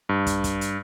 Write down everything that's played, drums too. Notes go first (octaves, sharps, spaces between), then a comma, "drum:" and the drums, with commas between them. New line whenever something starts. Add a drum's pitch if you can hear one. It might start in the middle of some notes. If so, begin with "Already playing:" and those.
G2
drum: kick, hi-hat
drum: kick, hi-hat
drum: hi-hat